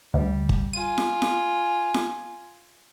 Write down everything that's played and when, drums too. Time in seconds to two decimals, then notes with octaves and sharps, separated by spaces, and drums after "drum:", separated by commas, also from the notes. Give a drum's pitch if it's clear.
0.14 D2 G3
0.49 drum: kick
0.73 F4 G#5 D#7
0.98 drum: snare
1.22 drum: snare
1.94 drum: snare